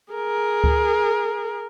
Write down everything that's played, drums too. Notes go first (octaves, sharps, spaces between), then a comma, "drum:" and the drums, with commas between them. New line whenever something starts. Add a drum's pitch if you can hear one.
G#4 A#4
drum: kick D2